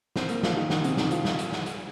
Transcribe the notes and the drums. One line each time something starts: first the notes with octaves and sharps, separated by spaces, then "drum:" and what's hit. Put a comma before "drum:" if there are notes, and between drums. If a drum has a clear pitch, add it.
C4 C5, drum: snare
A#3 A#4, drum: hi-hat
F3 F4, drum: snare
D#3 D#4
D#3 D#4, drum: snare
C3 C4, drum: hi-hat
D#3 D#4, drum: snare
F3 F4, drum: hi-hat
drum: snare
drum: hi-hat
drum: snare
drum: hi-hat